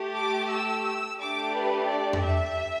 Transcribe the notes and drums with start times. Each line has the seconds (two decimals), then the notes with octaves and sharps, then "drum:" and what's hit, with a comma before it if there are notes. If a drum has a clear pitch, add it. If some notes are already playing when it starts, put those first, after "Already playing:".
Already playing: A3 G4
0.16 D6
0.50 E6
1.19 A3 D4 G4 D6
1.54 B4
1.88 D5
2.13 drum: tom F2
2.23 E5